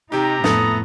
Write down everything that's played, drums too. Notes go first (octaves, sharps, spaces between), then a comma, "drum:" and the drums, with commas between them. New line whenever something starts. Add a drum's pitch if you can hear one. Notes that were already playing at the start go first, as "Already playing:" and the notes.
C3 D#4 G4 A#5
F2 A2 B3 A4 D#6, drum: snare